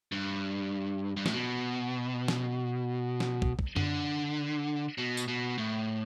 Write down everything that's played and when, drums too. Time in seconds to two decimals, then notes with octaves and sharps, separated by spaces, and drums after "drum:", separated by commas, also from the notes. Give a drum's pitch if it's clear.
0.12 G2
1.17 G2
1.26 A2, drum: snare
1.34 B2
2.28 drum: snare
3.20 drum: snare
3.42 drum: kick
3.59 drum: kick
3.76 D3, drum: tom F#2
4.98 B2
5.17 drum: tambourine
5.28 B2
5.58 A2